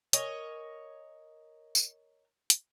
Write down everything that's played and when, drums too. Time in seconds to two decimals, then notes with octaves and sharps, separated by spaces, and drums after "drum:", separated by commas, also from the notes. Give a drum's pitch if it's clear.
0.13 A#4 C#5 D#5 G#5, drum: hi-hat
1.75 drum: tambourine
2.50 drum: hi-hat